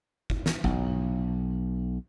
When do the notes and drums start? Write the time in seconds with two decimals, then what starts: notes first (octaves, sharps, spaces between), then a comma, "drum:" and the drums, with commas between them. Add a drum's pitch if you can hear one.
0.30 drum: kick G1
0.46 drum: snare
0.64 B1, drum: kick G1